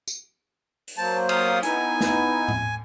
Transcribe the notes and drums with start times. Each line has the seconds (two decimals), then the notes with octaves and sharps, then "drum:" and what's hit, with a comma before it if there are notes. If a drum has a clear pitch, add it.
0.08 drum: tambourine
0.87 drum: open hi-hat
0.97 F#3 A#3 C5 A5
1.29 F5 D#6, drum: cymbal
1.63 B3 D#4 E4 G#5, drum: hi-hat
2.00 drum: snare
2.48 drum: tom